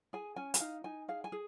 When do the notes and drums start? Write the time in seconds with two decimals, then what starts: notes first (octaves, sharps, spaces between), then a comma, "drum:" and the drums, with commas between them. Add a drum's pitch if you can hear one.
0.13 G#4 G#5
0.36 C#4 G#5
0.54 G#5, drum: hi-hat
0.60 D#4 F5
0.84 D#4 G#5
1.08 G#4 F5
1.24 G#5
1.32 G#4